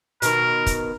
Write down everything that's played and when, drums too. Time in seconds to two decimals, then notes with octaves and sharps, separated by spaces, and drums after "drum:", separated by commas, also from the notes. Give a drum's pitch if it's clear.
0.22 B2 D#3 A#4, drum: hi-hat
0.66 drum: kick, hi-hat